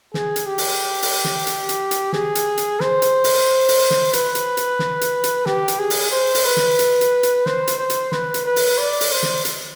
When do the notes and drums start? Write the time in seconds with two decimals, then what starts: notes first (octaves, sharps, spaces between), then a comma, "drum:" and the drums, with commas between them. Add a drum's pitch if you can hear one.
0.14 G#4, drum: snare
0.36 drum: hi-hat
0.46 G4
0.58 drum: open hi-hat
1.02 drum: open hi-hat
1.24 drum: snare
1.47 drum: hi-hat
1.69 drum: hi-hat
1.91 drum: hi-hat
2.13 G#4, drum: snare
2.35 drum: hi-hat
2.57 drum: hi-hat
2.80 C5, drum: snare
3.02 drum: hi-hat
3.24 drum: open hi-hat
3.68 drum: open hi-hat
3.91 drum: snare
4.13 B4, drum: hi-hat
4.35 drum: hi-hat
4.57 drum: hi-hat
4.79 drum: snare
5.01 drum: hi-hat
5.24 drum: hi-hat
5.46 G4, drum: snare
5.68 drum: hi-hat
5.79 G#4
5.90 drum: open hi-hat
6.12 C5
6.34 drum: open hi-hat
6.45 B4
6.57 drum: snare
6.79 drum: hi-hat
7.01 drum: hi-hat
7.23 drum: hi-hat
7.46 C5, drum: snare
7.67 drum: hi-hat
7.79 C5
7.90 drum: hi-hat
8.12 B4, drum: snare
8.34 drum: hi-hat
8.46 B4
8.56 drum: open hi-hat
8.78 D5
9.01 drum: open hi-hat
9.12 C5
9.23 drum: snare
9.45 drum: hi-hat